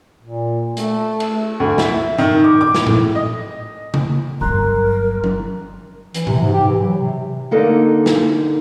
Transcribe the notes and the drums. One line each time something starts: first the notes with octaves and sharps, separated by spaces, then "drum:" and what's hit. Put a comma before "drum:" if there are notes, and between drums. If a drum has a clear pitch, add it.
A#2
A3, drum: hi-hat
drum: cymbal
D2
E5, drum: snare
D#3
D6
D6
drum: snare
A2, drum: tom A2
D#5
drum: tom
G1 F#3 A#4 A#5 C6 F#6
drum: tom
E3, drum: hi-hat
C3, drum: tom A2
G#2
G4
E3
F#3
C3
D3 A#3 D#4 A4 A#4 D#5
drum: snare